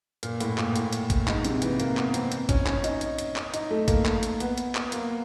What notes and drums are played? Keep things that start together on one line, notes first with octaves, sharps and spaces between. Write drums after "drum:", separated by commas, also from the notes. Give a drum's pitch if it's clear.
A#2, drum: hi-hat
A2, drum: hi-hat
A#2, drum: clap
A2, drum: hi-hat
drum: hi-hat
drum: kick, hi-hat
G#2, drum: clap
C3, drum: hi-hat
E3, drum: hi-hat
A#3, drum: hi-hat
B3, drum: clap
C4, drum: hi-hat
drum: hi-hat
C#4, drum: kick, hi-hat
C#4, drum: clap
D#4, drum: hi-hat
drum: hi-hat
drum: hi-hat
drum: clap
D#4, drum: hi-hat
A3
A#3, drum: kick, hi-hat
drum: clap
drum: hi-hat
B3, drum: hi-hat
drum: hi-hat
drum: clap
A#3, drum: hi-hat